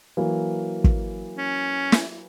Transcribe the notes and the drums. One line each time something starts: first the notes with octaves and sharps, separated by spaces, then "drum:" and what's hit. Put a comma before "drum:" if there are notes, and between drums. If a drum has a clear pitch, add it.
E3 F#3 A#3
drum: kick
C#4
drum: snare